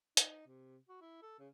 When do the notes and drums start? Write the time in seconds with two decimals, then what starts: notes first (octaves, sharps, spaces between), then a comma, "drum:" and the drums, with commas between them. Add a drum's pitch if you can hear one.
0.17 D#4, drum: hi-hat
0.47 C3
0.89 F#4
1.01 E4
1.22 A4
1.39 C#3